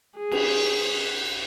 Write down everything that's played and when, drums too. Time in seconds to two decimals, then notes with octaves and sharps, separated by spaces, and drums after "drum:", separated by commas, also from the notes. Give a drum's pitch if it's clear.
0.18 G#4
0.31 drum: cymbal